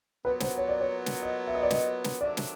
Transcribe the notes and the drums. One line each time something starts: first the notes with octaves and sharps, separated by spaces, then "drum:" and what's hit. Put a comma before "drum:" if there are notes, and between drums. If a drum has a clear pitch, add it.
A#2 F#3 B3 B4
C5, drum: snare
C#5
D5
C#5
drum: snare
D#5
E5
D#5
D5
D#5, drum: snare
drum: snare
C3 D#3 F#3 A3 D4 D5
drum: snare